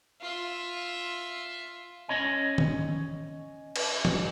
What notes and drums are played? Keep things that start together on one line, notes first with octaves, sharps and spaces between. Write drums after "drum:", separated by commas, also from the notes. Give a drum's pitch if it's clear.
F4 E5
C#4 C#5 D#5 G#5
drum: tom
drum: cymbal
drum: tom